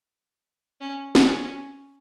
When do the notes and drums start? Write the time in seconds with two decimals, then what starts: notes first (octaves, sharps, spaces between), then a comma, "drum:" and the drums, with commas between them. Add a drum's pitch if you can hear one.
0.80 C#4
1.15 C#4, drum: snare